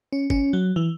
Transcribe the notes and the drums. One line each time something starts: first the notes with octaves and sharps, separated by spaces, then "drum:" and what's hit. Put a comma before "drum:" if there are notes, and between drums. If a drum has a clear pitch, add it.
C#4
C#4, drum: kick
F#3
E3